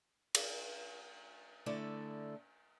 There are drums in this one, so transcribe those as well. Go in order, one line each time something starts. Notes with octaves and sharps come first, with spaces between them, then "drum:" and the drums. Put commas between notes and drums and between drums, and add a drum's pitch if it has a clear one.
drum: cymbal
D3 A3 E4 A4 D5